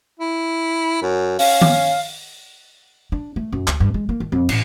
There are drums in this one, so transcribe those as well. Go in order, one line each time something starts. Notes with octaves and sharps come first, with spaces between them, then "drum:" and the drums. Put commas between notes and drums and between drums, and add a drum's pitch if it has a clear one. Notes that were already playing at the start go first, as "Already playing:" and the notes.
E4
F#2
C#4 F5, drum: open hi-hat
drum: tom D#3
D4
A3
F#2
D2, drum: clap
G2
G#3
A#3
D#3
F2
A1, drum: cymbal